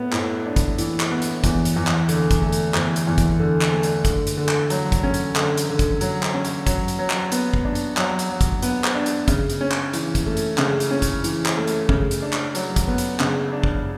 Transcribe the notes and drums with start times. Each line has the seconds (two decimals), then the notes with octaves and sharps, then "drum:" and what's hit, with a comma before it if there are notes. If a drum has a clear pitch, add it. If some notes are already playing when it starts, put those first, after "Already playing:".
Already playing: A2 B3
0.12 A2, drum: clap
0.46 D4
0.56 drum: kick, hi-hat
0.78 E3, drum: hi-hat
1.00 drum: clap
1.11 B3
1.22 drum: hi-hat
1.44 E2, drum: kick, hi-hat
1.65 drum: hi-hat
1.76 E2
1.87 drum: clap
2.09 D3, drum: hi-hat
2.31 drum: kick, hi-hat
2.41 A3
2.52 drum: hi-hat
2.74 E2, drum: clap
2.96 drum: hi-hat
3.07 E2
3.18 drum: kick, hi-hat
3.40 D3
3.61 drum: clap
3.72 A3
3.83 drum: hi-hat
4.05 D3, drum: kick, hi-hat
4.27 drum: hi-hat
4.37 D3
4.49 drum: clap
4.70 F#3, drum: hi-hat
4.92 drum: kick, hi-hat
5.03 C#4
5.14 drum: hi-hat
5.36 D3, drum: clap
5.57 drum: hi-hat
5.69 D3
5.79 drum: kick, hi-hat
6.01 F#3, drum: hi-hat
6.23 drum: clap
6.34 C#4
6.45 drum: hi-hat
6.67 F#3, drum: kick, hi-hat
6.88 drum: hi-hat
6.99 F#3
7.10 drum: clap
7.32 B3, drum: hi-hat
7.54 drum: kick
7.65 D4
7.75 drum: hi-hat
7.97 F#3, drum: clap
8.19 drum: hi-hat
8.30 F#3
8.41 drum: kick, hi-hat
8.63 B3, drum: hi-hat
8.84 drum: clap
8.95 D4
9.06 drum: hi-hat
9.28 C#3, drum: kick, hi-hat
9.50 drum: hi-hat
9.61 C#4
9.71 drum: clap
9.93 E3, drum: hi-hat
10.15 drum: kick, hi-hat
10.26 A3
10.37 drum: hi-hat
10.58 C#3, drum: clap
10.80 drum: hi-hat
10.91 C#4
11.02 drum: kick, hi-hat
11.24 E3, drum: hi-hat
11.46 drum: clap
11.57 A3
11.67 drum: hi-hat
11.89 C#3, drum: kick
12.11 drum: hi-hat
12.22 D4
12.33 drum: clap
12.55 F#3, drum: hi-hat
12.76 drum: kick, hi-hat
12.87 B3
12.98 drum: hi-hat
13.20 C#3, drum: clap
13.53 D4
13.63 drum: kick